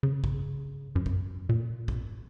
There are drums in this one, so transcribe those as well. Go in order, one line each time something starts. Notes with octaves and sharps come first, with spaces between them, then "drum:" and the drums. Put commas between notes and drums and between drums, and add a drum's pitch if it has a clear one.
C#3
drum: kick A#1
F#2
drum: kick A#1
A#2
drum: kick A#1